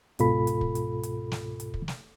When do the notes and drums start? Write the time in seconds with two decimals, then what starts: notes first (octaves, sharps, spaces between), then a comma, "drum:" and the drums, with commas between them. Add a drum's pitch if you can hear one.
0.19 C#2 G#2 B2 F4 A4 B5, drum: hi-hat
0.47 drum: hi-hat
0.61 drum: kick
0.75 drum: hi-hat
1.03 drum: hi-hat
1.32 drum: snare
1.60 drum: hi-hat
1.74 drum: kick
1.88 drum: snare